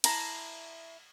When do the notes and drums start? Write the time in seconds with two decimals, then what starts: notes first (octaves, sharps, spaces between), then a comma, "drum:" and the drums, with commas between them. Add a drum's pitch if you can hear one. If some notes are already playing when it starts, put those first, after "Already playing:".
0.04 E4 A5 A#5, drum: cymbal